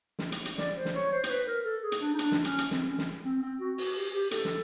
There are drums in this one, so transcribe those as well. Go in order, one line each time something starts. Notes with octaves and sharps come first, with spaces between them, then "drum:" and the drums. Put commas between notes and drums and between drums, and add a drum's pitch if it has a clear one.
drum: snare
drum: hi-hat
drum: hi-hat
D5, drum: snare
C5
drum: snare
C#5
C5
C5, drum: hi-hat
B4
A#4
A4
G#4
drum: hi-hat
D4
D#4
D4, drum: hi-hat
drum: snare
C#4, drum: hi-hat
drum: hi-hat
C4, drum: snare
C#4
drum: snare
C4
C4
F#4
F#4, drum: open hi-hat
G4
G4
A4, drum: hi-hat
drum: snare